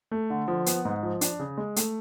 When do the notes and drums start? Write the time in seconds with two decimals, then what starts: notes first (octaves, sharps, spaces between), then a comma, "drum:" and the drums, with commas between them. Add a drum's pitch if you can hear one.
0.11 A3
0.30 D3
0.48 F3
0.66 B3, drum: hi-hat
0.85 G#2
1.03 F3
1.21 D4, drum: hi-hat
1.39 C#3
1.58 G#3
1.76 A3, drum: hi-hat